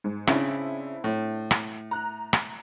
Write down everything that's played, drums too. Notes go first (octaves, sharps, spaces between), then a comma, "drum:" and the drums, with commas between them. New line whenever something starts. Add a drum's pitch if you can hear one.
G#2
C#3 C4 D4 E4, drum: rim click
A2
drum: rim click
A#5 F#6
drum: rim click